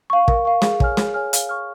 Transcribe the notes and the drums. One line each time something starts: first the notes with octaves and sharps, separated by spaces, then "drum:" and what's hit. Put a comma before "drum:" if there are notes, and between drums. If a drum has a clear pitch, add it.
F5 C#6
A#4, drum: kick
F5 C#6
G#4, drum: snare
C#5 G#5 F6, drum: kick
G#4, drum: snare
C#5 G#5 F6
F5, drum: hi-hat
C#6 F6